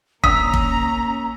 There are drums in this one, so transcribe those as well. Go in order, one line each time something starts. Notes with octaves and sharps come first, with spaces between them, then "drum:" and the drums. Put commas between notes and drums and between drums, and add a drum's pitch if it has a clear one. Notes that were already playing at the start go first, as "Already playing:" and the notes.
A#3 C#4 A#5 D#6 E6 B6, drum: kick
drum: kick